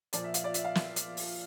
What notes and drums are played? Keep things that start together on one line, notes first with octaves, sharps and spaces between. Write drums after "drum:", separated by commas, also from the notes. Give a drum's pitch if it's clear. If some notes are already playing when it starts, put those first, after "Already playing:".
A#2 F3 D5, drum: hi-hat
E5
F5, drum: hi-hat
D5
E5, drum: hi-hat
F5
drum: snare
drum: hi-hat
drum: open hi-hat